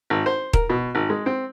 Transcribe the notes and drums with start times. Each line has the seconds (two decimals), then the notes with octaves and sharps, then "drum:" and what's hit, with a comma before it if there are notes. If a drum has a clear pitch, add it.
0.10 G#1
0.26 C5
0.53 A#4, drum: kick D#1
0.70 B2
0.95 G#1
1.10 G#3
1.26 C4